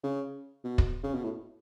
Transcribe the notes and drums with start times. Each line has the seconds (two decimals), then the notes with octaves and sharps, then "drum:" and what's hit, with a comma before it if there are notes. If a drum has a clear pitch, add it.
0.03 C#3
0.64 B2
0.78 drum: kick
1.03 C#3
1.14 B2
1.24 A2